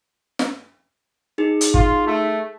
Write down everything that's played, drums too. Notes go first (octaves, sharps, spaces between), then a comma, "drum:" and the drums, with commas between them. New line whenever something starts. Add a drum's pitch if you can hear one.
drum: snare
D#4 G#4
drum: hi-hat
F4, drum: kick
A3